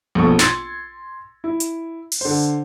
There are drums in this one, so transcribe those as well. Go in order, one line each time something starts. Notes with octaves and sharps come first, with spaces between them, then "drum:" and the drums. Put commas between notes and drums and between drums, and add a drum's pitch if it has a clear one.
A#1 B2 A3 C#6
C6 E6 G#6 A6 C#7, drum: snare
E4
drum: hi-hat
drum: open hi-hat
D3 C5